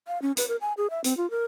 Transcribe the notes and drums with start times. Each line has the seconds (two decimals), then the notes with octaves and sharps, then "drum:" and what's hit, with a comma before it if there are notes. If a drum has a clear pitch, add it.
0.08 F5
0.22 C#4
0.37 B4, drum: hi-hat
0.48 A#4
0.61 G#5
0.77 G#4
0.90 E5
1.04 C4, drum: hi-hat
1.17 F4
1.31 A#4